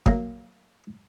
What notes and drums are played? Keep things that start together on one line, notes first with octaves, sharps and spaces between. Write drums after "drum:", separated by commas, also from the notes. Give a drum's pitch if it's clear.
F#3 A#3, drum: kick